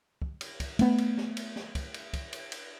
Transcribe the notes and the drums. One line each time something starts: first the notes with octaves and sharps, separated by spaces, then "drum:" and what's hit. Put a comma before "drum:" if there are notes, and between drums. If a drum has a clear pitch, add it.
drum: kick
drum: cymbal
drum: kick, cymbal
A3 B3, drum: cymbal
drum: cymbal
drum: snare
drum: cymbal
drum: snare
drum: kick, cymbal
drum: cymbal
drum: kick, cymbal
drum: cymbal
drum: cymbal